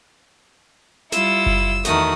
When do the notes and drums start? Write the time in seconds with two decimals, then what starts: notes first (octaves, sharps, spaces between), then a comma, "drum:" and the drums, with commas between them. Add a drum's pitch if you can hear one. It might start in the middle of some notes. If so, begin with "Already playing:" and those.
1.12 G3 E4 F4 E6, drum: snare
1.46 drum: kick F#1
1.85 E2 D#3 A3 F#4 D#6, drum: snare